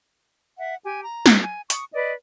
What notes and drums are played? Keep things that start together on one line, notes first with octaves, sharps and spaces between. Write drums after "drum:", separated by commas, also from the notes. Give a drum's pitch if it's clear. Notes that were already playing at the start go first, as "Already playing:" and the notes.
E5 F#5
G4 G#5
A#5
drum: snare
G#5
C#6 D#6, drum: hi-hat
B4 D5 D#5